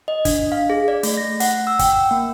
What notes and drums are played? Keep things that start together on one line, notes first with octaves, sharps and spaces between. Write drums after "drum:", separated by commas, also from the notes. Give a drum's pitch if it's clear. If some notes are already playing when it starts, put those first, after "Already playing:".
D#5
D4, drum: kick, hi-hat
F5
G#4
D5
A3, drum: hi-hat
A#6
F#5, drum: hi-hat
E6
G5, drum: kick, hi-hat
E6
A#3